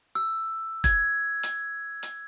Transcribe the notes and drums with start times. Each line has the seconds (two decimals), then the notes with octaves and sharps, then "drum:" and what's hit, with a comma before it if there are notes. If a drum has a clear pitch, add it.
0.15 E6
0.84 G#6, drum: kick, hi-hat
1.43 drum: hi-hat
2.03 drum: hi-hat